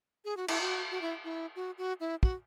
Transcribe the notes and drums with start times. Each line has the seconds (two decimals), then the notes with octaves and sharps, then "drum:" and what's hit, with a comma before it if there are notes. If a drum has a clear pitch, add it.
0.25 G#4
0.37 F#4
0.48 E4, drum: cymbal
0.61 F#4
0.91 F#4
1.01 E4
1.24 E4
1.56 F#4
1.78 F#4
2.00 E4
2.23 F#4, drum: kick